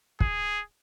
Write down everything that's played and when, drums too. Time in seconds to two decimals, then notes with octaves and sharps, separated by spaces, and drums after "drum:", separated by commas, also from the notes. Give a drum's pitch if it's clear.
0.20 G#4, drum: kick